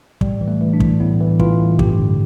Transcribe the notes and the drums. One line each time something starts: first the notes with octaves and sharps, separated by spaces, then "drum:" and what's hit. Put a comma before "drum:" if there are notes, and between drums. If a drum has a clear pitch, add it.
A2 G3, drum: kick
E3
A3
E3
D4
A2, drum: kick
A2 B3
E3
E3 F4, drum: kick
A2
G2 G4, drum: kick
D3